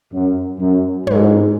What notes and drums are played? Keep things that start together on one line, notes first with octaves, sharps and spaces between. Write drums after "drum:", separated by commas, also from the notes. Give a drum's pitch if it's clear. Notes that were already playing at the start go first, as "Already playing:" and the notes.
F#2
F#2
G#2, drum: tom